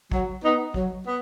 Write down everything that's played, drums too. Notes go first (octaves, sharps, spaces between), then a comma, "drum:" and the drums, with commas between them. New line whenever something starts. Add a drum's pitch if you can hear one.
F#3, drum: kick
B3 D#4
F#3, drum: kick
B3